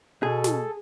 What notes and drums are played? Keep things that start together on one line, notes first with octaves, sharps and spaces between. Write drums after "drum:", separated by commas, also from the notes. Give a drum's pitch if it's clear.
B2 G#4 A4
drum: snare